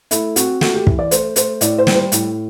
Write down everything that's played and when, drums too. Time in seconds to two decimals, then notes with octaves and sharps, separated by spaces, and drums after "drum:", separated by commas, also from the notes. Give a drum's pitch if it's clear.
0.11 A3 E4, drum: hi-hat
0.36 C4 F#4, drum: hi-hat
0.61 A3 F#4, drum: snare
0.74 G4
0.87 E3, drum: kick
0.99 D5
1.11 A3 C5, drum: hi-hat
1.36 A3 C5, drum: hi-hat
1.61 A2 D5, drum: hi-hat
1.78 C5
1.87 G3, drum: snare
1.95 C5
2.12 A2, drum: hi-hat